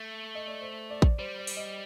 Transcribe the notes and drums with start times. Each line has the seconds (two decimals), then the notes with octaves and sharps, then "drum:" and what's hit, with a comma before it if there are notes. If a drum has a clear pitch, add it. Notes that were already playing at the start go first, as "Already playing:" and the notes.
Already playing: A3
0.35 D#5
0.48 D5
0.61 C5
0.90 D5
1.02 drum: kick A1
1.19 G3 C5
1.38 D5
1.47 drum: open hi-hat
1.57 D#5